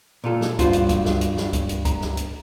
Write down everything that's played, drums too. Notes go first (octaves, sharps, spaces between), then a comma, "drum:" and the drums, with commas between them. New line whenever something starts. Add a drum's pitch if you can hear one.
A#2 F4 A4
drum: snare
G2 F4 F#4 C5, drum: kick C#2, hi-hat
drum: hi-hat
drum: kick C#2, hi-hat
drum: snare
drum: hi-hat
drum: snare
drum: kick C#2, hi-hat
drum: hi-hat
A#5, drum: kick C#2, hi-hat
drum: snare
drum: hi-hat